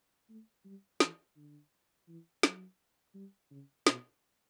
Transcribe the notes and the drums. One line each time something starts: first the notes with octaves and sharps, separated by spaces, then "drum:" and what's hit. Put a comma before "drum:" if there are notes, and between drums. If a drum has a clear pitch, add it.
A3
G3
E3, drum: snare
D3
E3
F#3, drum: snare
G3
C#3
B2, drum: snare